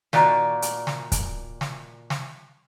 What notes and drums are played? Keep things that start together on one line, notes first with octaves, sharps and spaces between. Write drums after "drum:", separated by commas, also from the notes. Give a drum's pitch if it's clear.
A#2 D#3 F#4 D5, drum: snare
drum: hi-hat
drum: snare
drum: kick, hi-hat
drum: snare
drum: snare